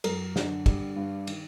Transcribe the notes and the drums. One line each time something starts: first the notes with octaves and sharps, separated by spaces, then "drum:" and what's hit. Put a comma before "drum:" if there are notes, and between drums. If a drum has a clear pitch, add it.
F#2 A#4, drum: cymbal
D3, drum: snare
G3, drum: kick, cymbal
G2
D#3, drum: cymbal